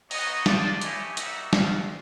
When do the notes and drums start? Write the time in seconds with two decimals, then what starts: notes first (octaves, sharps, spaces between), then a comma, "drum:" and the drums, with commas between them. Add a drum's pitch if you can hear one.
0.11 B3 D#4 F#4 C#5 D#5, drum: open hi-hat
0.46 A#3 D4 F4 C5 D5, drum: snare
0.81 A3 C#4 E4 G4 C#5 D#5, drum: hi-hat
1.17 G3 A#3 D#4 F#4 D5 E5, drum: hi-hat
1.53 G3 C4 F4 D#5 F5, drum: snare